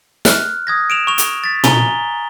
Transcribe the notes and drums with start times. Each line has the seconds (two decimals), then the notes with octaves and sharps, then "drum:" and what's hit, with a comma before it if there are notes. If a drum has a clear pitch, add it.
0.25 F6 F#6, drum: snare
0.67 D#6 G#6 A#6
0.90 D7 E7 F7
1.07 C#6 F7
1.18 drum: hi-hat
1.44 A6 B6
1.64 G#5 A#5 F7 G7, drum: tom A#2